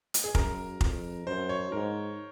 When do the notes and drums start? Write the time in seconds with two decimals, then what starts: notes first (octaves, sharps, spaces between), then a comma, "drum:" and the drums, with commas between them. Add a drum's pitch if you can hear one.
0.14 drum: hi-hat
0.24 G#4
0.35 F#2 A#4, drum: kick F1
0.81 F2, drum: kick F1
1.26 F#2 C5
1.49 C#5
1.72 G#2 A#4